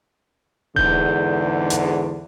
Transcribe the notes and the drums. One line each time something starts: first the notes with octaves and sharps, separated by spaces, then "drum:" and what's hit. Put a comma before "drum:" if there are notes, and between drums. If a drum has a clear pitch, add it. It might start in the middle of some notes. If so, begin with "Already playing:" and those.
E2 G#2 D3 G6, drum: kick D#1
drum: hi-hat